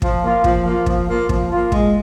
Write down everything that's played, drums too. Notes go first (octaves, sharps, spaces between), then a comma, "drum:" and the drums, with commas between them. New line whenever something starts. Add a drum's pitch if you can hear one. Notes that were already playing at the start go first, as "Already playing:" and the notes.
F3, drum: kick
A#3 F4
F3, drum: kick
A#3 F4
F3, drum: kick
A#3 F4
F3, drum: kick
A#3 F4
G#3, drum: kick